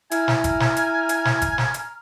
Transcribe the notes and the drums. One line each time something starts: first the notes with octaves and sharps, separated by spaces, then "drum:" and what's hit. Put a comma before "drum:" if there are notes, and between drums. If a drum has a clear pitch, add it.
E4 G#5 A#5 F6, drum: hi-hat
drum: snare
drum: kick G1, hi-hat
drum: snare
drum: hi-hat
drum: hi-hat
drum: snare
drum: kick G1, hi-hat
drum: snare
drum: hi-hat